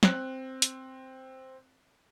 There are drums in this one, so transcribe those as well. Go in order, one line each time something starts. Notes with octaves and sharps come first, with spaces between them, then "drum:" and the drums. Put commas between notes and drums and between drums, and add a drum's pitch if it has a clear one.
C4 F#6, drum: snare
drum: hi-hat